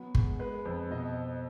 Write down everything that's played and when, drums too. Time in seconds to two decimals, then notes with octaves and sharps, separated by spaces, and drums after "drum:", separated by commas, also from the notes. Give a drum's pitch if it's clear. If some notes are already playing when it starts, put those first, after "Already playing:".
Already playing: F#3 B3
0.15 G#3, drum: kick G1
0.39 G#3 B4
0.65 F2
0.91 B2 D#5